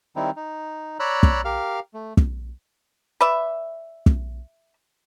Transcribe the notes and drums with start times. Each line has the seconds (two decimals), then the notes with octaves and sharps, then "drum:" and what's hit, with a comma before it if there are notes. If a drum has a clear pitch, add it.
0.16 D#3 G3 C4 D#4 E4
0.36 D#4
1.00 C#5 D5 A#5 B5 E6 F#6
1.23 drum: kick
1.45 G4 A#4 F5 F6
1.94 A3
2.17 drum: kick
3.21 B4 D5 E5
4.06 drum: kick